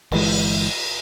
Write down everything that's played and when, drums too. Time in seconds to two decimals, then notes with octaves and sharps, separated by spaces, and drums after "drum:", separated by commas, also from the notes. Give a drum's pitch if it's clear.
0.12 G1 E3 G#3, drum: cymbal